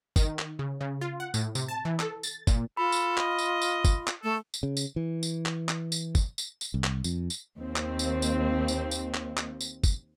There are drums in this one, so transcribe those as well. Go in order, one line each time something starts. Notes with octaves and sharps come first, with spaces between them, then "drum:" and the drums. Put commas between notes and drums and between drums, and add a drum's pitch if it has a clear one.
D#3, drum: kick, tambourine
drum: clap
C#3
C#3
F4
F#5
A2, drum: tambourine
C3, drum: tambourine
A5
E3
A4, drum: clap
A6, drum: tambourine
A#2, drum: kick, tambourine
F4 A4 B5
drum: tambourine
D#5, drum: clap
drum: tambourine
drum: tambourine
drum: kick, tambourine
drum: clap
A3 A4
drum: tambourine
C#3
drum: tambourine
E3
drum: tambourine
drum: clap
drum: clap
drum: tambourine
drum: kick, tambourine
drum: tambourine
drum: tambourine
C2
drum: clap
F2, drum: tambourine
drum: tambourine
D#2 C4
drum: clap
drum: tambourine
drum: tambourine
drum: tambourine
drum: tambourine
drum: clap
drum: clap
drum: tambourine
drum: kick, tambourine